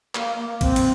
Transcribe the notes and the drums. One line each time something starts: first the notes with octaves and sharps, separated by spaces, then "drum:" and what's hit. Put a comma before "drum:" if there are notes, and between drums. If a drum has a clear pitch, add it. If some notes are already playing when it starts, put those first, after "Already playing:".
A#3, drum: clap
A#3
C4, drum: kick, cymbal
drum: cymbal